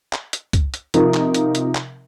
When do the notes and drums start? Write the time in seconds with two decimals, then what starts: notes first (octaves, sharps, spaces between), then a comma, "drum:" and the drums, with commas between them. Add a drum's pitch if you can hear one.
0.13 drum: clap
0.33 drum: hi-hat
0.53 drum: kick, hi-hat
0.74 drum: hi-hat
0.94 C3 F3 D#4 A#4, drum: hi-hat
1.14 drum: clap
1.34 drum: hi-hat
1.55 drum: hi-hat
1.75 drum: clap